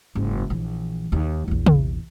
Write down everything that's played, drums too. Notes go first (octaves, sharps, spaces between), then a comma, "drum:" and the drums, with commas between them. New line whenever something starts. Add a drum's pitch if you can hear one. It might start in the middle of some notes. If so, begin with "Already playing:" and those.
F#1 G#2
A#1 E3
D#2 D#3
A#1 E2
drum: tom